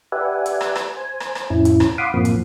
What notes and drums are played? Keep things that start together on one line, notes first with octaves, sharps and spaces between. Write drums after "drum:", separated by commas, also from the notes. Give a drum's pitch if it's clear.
G4 B4 D5 E5 F#5 G#5
drum: hi-hat
drum: rim click
drum: rim click
C5 G#5
drum: rim click
drum: rim click
F2 A2 C#4 E4
drum: hi-hat
drum: rim click
F5 F#5 B5 C6 D6 D#6
F#2 A2 F3 A#3 C4
drum: hi-hat